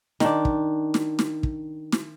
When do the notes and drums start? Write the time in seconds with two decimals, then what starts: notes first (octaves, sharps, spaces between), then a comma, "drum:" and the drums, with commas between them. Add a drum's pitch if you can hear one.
0.20 D#3 D4, drum: snare
0.45 drum: kick
0.94 drum: snare
1.19 drum: snare
1.43 drum: kick
1.92 drum: snare